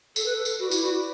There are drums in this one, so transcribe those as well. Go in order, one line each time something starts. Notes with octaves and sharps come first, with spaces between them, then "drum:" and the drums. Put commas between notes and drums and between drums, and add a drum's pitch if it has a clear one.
A4, drum: tambourine
B4
A4
drum: tambourine
F#4 B4 D5
E4, drum: tambourine
F#4